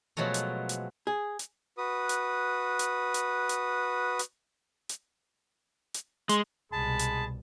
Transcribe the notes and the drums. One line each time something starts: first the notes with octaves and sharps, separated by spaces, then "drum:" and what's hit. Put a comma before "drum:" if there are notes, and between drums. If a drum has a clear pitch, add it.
B2 F3 F#3 G#3 A3
drum: hi-hat
drum: hi-hat
G#4
drum: hi-hat
F#4 B4 D#6
drum: hi-hat
drum: hi-hat
drum: hi-hat
drum: hi-hat
drum: hi-hat
drum: hi-hat
drum: hi-hat
G#3 C6, drum: hi-hat
C2 B2 G#3 G#4 A5 B5
drum: hi-hat